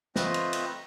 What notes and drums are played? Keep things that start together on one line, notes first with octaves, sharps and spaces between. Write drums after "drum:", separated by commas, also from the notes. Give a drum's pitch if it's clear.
A3 C4 F4 B4 C5 D#5, drum: snare
drum: cymbal
drum: cymbal